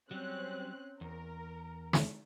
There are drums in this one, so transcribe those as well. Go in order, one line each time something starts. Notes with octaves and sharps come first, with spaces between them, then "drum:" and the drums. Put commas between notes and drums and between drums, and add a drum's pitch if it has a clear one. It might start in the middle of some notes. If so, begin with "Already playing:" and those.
F#3 G3 C4 C#4 F#6
E2 A#4
drum: snare